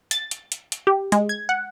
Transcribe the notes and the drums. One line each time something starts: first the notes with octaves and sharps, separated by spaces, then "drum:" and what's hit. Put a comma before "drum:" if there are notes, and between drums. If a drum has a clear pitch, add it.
A6, drum: hi-hat
drum: hi-hat
drum: hi-hat
drum: hi-hat
G4
G#3, drum: hi-hat
G#6
F#5